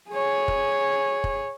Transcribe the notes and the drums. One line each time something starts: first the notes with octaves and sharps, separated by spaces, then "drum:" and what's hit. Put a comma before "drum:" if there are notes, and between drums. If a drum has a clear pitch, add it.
G#4 C#5
drum: kick
drum: kick